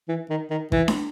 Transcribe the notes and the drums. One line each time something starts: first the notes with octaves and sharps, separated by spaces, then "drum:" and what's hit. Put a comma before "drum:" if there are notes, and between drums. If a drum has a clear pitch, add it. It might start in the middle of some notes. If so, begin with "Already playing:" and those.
E3
D#3
D#3
E3, drum: kick
drum: snare D4